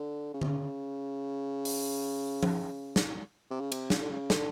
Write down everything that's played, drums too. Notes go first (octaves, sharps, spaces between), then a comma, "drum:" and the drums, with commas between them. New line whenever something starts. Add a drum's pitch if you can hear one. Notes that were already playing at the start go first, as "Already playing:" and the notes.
Already playing: D3
C#3
C3, drum: tom D3
C#3
drum: open hi-hat
drum: tom
drum: snare
C3
C#3
C3, drum: cymbal
C#3, drum: snare
D3
C#3
D3, drum: snare